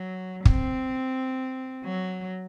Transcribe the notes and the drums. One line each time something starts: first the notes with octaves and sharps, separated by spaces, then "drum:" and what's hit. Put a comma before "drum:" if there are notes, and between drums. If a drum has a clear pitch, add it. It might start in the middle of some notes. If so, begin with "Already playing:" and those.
Already playing: F#3
C4, drum: kick
F#3